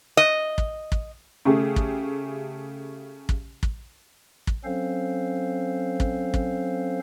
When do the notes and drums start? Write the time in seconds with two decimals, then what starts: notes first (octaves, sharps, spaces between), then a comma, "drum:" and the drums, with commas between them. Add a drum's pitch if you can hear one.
0.17 D#5
0.58 drum: kick
0.92 drum: kick
1.45 C#3 A3 G4 G#4
1.76 drum: kick
3.29 drum: kick
3.63 drum: kick
4.47 drum: kick
4.64 F#3 C4 C#4 A4 C5 F5
6.00 drum: kick
6.34 drum: kick